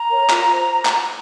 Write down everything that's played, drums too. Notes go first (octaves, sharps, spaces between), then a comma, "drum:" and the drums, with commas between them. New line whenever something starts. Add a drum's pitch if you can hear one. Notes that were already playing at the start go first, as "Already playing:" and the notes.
Already playing: A#5
A#4 C#5
F4, drum: clap
C5
drum: clap